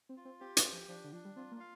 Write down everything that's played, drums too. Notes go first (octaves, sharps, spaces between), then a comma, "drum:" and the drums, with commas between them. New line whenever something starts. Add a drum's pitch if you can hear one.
C4
F4
C4
C4 G4
C4, drum: hi-hat
G4
F3
F3 D4
D3
F3 D4
G3
C4 F4
A#3
F5